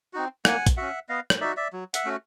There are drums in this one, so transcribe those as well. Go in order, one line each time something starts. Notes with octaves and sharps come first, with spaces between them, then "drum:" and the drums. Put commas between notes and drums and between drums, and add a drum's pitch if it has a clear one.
C4 D#4 F#4
A#3 F#5 G#5, drum: rim click
drum: kick, hi-hat
C#4 F#4 E5 F#5
B3 D#5 F5
drum: rim click
D#4 F#4 D5 E5
D5 E5
F#3
E5 F#5, drum: hi-hat
A3 C#4 F#4